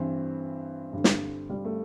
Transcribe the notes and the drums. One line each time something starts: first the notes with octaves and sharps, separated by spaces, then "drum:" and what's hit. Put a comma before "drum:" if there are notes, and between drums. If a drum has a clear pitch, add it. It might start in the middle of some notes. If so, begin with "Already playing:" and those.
Already playing: G2 E3 C4
G2 D3
drum: snare
G3
A3